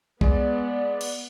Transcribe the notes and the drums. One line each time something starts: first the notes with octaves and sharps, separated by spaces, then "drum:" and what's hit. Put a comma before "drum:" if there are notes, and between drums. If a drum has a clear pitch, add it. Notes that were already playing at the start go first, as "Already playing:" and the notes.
G#3 B3 D5, drum: kick B1
drum: cymbal